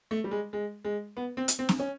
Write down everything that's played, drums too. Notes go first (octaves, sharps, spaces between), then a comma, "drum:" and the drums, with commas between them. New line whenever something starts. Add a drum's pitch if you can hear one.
A3
G3
G#3
G#3
G#3
B3
C4
drum: hi-hat
C4
drum: snare
C#4